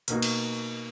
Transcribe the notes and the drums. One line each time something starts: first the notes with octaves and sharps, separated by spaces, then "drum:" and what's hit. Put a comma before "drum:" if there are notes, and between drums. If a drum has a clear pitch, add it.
B2 A#3 D#4 F#4, drum: hi-hat
drum: cymbal